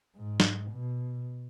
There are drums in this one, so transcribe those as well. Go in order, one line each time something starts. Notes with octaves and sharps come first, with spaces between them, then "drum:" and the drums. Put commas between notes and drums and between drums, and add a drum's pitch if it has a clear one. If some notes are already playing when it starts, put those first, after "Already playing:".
G#2
drum: snare
B2